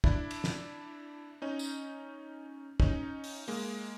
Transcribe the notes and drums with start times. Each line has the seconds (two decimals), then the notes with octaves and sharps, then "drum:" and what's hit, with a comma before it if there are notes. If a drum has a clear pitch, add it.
0.04 D4 E4, drum: kick
0.31 drum: cymbal
0.44 drum: snare
1.42 C#4 D#4
1.59 drum: tambourine
2.80 C#4 D#4, drum: kick
3.24 drum: open hi-hat
3.48 G#3 A#3, drum: open hi-hat